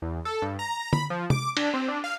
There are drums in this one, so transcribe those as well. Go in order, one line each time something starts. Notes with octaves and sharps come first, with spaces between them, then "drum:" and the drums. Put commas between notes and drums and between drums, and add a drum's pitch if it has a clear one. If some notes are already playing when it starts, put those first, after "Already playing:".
E2
A4
G2
A#5
B5, drum: tom D3
F3
D6, drum: tom C3
D4, drum: cymbal
C4
D4
F5